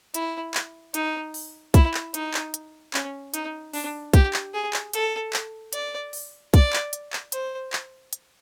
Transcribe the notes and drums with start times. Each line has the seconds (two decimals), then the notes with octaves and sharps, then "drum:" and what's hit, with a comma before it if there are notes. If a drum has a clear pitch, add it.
0.14 E4, drum: hi-hat
0.54 drum: clap
0.94 D#4, drum: hi-hat
1.34 drum: open hi-hat
1.74 E4, drum: kick, hi-hat
1.94 drum: clap
2.14 D#4, drum: hi-hat
2.34 drum: clap
2.54 drum: hi-hat
2.94 C#4, drum: clap
3.34 D#4, drum: hi-hat
3.73 D4, drum: open hi-hat
4.13 G4, drum: kick, hi-hat
4.33 drum: clap
4.54 G#4
4.73 drum: clap
4.93 A4, drum: hi-hat
5.33 drum: clap
5.73 D5, drum: hi-hat
6.13 drum: open hi-hat
6.54 D5, drum: kick, hi-hat
6.73 drum: clap
6.93 drum: hi-hat
7.13 drum: clap
7.32 C5, drum: hi-hat
7.73 drum: clap
8.13 drum: hi-hat